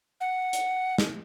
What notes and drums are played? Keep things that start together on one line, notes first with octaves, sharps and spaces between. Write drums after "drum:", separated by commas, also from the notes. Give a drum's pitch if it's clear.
F#5
drum: hi-hat
drum: snare